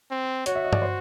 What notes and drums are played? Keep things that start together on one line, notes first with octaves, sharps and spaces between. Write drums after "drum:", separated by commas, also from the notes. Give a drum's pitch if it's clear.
C4
F#4 C#5, drum: hi-hat
E5
D#5
D5, drum: tom G2
C5